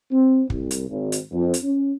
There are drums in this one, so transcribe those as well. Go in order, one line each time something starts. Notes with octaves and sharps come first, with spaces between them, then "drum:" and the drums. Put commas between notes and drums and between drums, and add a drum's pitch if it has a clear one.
C4
C2, drum: kick
drum: hi-hat
G#1
drum: hi-hat
F2
drum: hi-hat
C#4